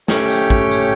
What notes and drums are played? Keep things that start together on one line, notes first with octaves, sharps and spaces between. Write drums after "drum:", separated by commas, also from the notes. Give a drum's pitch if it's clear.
A3 C#4 G4 C#5 G5, drum: snare
drum: tambourine
drum: kick
drum: tambourine